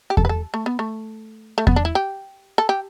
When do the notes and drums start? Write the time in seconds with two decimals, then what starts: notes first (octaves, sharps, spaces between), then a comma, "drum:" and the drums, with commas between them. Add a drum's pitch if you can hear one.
0.10 G4
0.17 A4, drum: kick E2
0.25 B4
0.29 A4
0.54 A3
0.66 B3
0.79 A3
1.58 A3
1.67 B3, drum: kick E2
1.76 D4
1.85 E4
1.95 G4
2.58 A4
2.69 G4